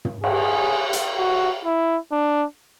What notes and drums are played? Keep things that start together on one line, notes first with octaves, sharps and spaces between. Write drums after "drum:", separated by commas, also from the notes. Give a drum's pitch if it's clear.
drum: tom
G#4, drum: cymbal
drum: hi-hat
F#4
E4
D4